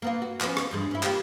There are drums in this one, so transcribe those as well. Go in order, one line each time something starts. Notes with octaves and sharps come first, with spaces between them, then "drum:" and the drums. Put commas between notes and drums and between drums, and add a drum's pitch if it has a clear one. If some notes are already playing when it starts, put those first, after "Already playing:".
A#3 B3 F4
F#4
F3 B3 C#4, drum: clap
drum: rim click
E2 G2 G#3
C#4 E4
A#3 F4 G4, drum: clap